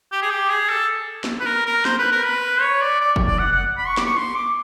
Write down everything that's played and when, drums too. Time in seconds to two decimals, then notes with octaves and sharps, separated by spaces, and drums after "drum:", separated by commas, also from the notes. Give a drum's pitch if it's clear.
0.12 G4
0.22 G#4
0.30 G4
0.49 G#4
0.70 A4
1.24 drum: snare
1.40 B4
1.47 A#4
1.66 A#4
1.85 C5, drum: snare
1.98 B4
2.12 A#4
2.25 B4
2.62 C#5
2.81 D5
3.00 D5
3.16 drum: kick
3.27 D5
3.39 F#5
3.52 F#5
3.77 B5
3.87 C#6
3.97 D6, drum: snare
4.06 C#6
4.17 C6
4.35 D6